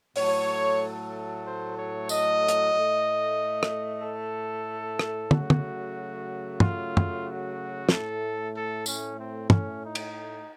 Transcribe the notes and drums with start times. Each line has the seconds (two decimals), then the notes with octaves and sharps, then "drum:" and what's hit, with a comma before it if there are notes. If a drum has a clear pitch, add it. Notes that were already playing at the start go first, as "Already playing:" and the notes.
0.16 A2 F#3 A3 C#5, drum: open hi-hat
0.80 A4
1.45 C5
1.77 C#5
2.09 D#5, drum: tambourine
2.49 drum: hi-hat
2.73 A2 A3
3.63 drum: rim click
4.02 A4
4.99 drum: rim click
5.31 C#3 F#3 A3 F#4, drum: tom
5.50 drum: tom
6.60 F4, drum: tom
6.97 drum: tom
7.25 F#4
7.89 A2 A3 A4, drum: snare
8.54 A4
8.86 C#4, drum: tambourine
9.18 C4
9.50 C#4, drum: tom
9.83 D#4
9.95 drum: cymbal